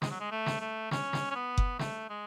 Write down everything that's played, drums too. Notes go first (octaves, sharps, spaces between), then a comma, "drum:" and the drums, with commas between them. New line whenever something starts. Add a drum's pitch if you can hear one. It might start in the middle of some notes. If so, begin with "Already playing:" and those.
G#3, drum: snare
F#3
G#3
A3
drum: snare
A3
C#4, drum: snare
drum: snare
C#4
B3
drum: kick F#1
A3, drum: snare
G#3